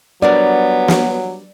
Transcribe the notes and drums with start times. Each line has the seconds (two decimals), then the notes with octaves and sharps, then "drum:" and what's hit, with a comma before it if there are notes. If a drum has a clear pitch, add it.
0.22 F#3 G3 B3 D4 A#4 D5
0.88 drum: snare